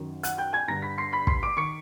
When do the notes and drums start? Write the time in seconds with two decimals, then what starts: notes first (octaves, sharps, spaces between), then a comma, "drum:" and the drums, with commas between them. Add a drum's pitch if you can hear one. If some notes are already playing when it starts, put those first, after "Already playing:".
Already playing: F#2 D#3
0.23 F#5 F#6, drum: hi-hat
0.38 G5 G6
0.53 G#5 G#6
0.68 G2 D3 A#5 A#6
0.82 B5 B6
0.98 C6 C7
1.13 B5 B6
1.27 C6 C7, drum: kick
1.43 D6 D7
1.57 D#3 C#6 C#7